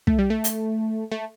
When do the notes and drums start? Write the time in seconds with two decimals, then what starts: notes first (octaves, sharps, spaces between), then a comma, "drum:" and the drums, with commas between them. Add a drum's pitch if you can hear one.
0.07 A3, drum: kick
0.19 G3
0.30 A3
0.44 drum: hi-hat
1.12 A3